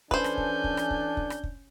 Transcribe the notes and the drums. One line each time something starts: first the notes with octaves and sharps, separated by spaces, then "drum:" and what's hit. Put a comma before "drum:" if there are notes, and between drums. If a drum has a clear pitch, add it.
E3 C#4 D4 A4 B4 C5 G#5 G6, drum: kick
drum: rim click
drum: kick
drum: kick
drum: rim click
drum: kick
drum: kick
drum: rim click
drum: kick